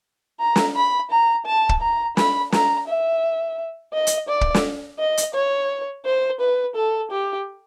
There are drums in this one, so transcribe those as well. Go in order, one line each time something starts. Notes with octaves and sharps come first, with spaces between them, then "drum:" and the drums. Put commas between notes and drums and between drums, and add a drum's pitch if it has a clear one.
A#5
drum: snare
B5
A#5
A5
drum: kick
A#5
B5, drum: snare
A#5, drum: snare
E5
D#5
drum: hi-hat
D5
drum: kick
drum: snare
D#5
drum: hi-hat
C#5
C5
B4
A4
G4